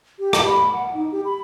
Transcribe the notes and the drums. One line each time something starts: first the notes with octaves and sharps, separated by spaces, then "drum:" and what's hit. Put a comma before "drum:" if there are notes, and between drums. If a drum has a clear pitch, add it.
G4
drum: rim click
B5
F#5
D#4
G4
B5